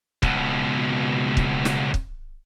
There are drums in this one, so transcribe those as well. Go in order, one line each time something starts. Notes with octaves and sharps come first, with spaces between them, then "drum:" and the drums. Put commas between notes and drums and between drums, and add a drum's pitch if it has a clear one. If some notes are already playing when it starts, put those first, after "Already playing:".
C#2 B2, drum: kick
drum: kick
drum: snare
drum: kick